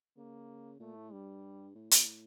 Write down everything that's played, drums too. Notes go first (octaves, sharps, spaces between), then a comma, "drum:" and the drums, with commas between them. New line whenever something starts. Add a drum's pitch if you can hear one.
C#3 A#3
A#2 A3
A2
G2 G3
A2
A#2, drum: hi-hat
A2